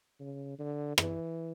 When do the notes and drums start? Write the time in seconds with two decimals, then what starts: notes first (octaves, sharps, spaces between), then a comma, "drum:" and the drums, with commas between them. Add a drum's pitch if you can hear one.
0.20 C#3
0.59 D3
0.98 E3, drum: rim click